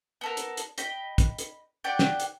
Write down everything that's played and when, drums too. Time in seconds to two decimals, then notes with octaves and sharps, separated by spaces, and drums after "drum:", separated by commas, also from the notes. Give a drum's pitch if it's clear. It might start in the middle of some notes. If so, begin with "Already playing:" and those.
0.21 B3 A4 A#4
0.37 drum: hi-hat
0.57 drum: hi-hat
0.78 D#5 G5 B5, drum: hi-hat
1.18 drum: kick, hi-hat
1.38 drum: hi-hat
1.84 G4 D5 F#5 G5
1.99 drum: snare
2.20 drum: hi-hat